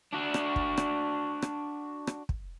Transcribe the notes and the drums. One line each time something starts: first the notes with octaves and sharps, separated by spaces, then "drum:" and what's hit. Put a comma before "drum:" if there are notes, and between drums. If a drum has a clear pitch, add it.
D4 F#4
drum: rim click
drum: kick
drum: rim click
drum: rim click
drum: rim click
drum: kick